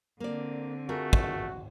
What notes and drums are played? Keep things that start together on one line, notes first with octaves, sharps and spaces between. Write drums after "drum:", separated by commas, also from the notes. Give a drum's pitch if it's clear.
D3 A#3 C4 D5
A3 F4 F#4 G#4 A#4
drum: kick